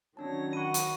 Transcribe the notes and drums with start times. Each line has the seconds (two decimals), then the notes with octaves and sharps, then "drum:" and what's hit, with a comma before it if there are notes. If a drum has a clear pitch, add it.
0.17 D#3 F#3 C#4 D4 C#5 A5 A#6
0.53 F#5 B5 C#6 D#7
0.74 drum: hi-hat